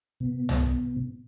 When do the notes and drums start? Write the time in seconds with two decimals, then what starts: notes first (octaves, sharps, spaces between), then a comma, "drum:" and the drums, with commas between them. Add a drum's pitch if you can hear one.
0.20 B2
0.49 drum: tom